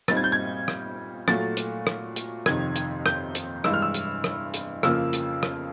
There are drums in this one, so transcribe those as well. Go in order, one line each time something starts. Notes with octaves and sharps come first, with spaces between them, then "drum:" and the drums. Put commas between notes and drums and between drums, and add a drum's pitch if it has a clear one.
A#2 G3 C4 D#4 A6, drum: rim click
G#6
G6
G#6
drum: rim click
A#2 F#3 A3 A6, drum: rim click
drum: hi-hat
drum: rim click
drum: hi-hat
F2 C3 D#3 G#6, drum: rim click
drum: hi-hat
G6, drum: rim click
drum: hi-hat
G2 E3 G#3 E6, drum: rim click
F6
E6
drum: hi-hat
drum: rim click
drum: hi-hat
F2 C#3 F3 A#3 E6, drum: rim click
drum: hi-hat
drum: rim click